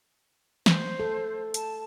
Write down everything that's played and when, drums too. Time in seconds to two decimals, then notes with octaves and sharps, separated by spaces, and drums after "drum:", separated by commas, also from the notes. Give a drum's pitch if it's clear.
0.66 C5, drum: snare
1.00 A4
1.54 A5, drum: hi-hat